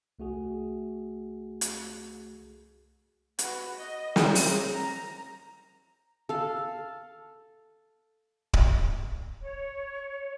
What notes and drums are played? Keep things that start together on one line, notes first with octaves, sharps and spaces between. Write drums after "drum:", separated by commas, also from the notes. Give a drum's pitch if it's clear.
C2 A3 F#4 G#4
drum: hi-hat
F#4 B4, drum: hi-hat
D#5
C4 A#4, drum: snare
drum: open hi-hat
A#5
A4 F5
drum: kick D1
C#5